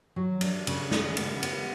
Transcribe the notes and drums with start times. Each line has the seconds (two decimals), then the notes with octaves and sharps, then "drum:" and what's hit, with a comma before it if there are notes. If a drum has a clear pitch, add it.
0.16 F#3
0.41 D4, drum: cymbal
0.67 C#3, drum: cymbal
0.91 G#4, drum: snare
1.17 B3, drum: cymbal
1.43 B3, drum: cymbal